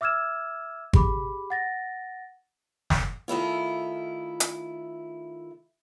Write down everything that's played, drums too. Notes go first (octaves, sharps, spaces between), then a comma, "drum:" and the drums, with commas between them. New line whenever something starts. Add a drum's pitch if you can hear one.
E5 D6 E6 F6 G#6 E7
G4 G#4 B5 D6, drum: kick G#1
F#5 A6 A#6
drum: snare
D#3 A3 E4 F4
drum: hi-hat